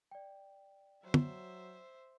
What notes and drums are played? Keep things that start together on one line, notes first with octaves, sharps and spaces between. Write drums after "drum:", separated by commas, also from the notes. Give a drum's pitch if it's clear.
D5 G5
F#3 C5 E5
drum: tom